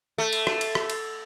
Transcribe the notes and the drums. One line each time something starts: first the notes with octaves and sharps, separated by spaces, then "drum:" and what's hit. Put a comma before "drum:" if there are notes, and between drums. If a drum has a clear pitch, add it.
A3
drum: cymbal
drum: rim click
drum: cymbal
drum: rim click
drum: cymbal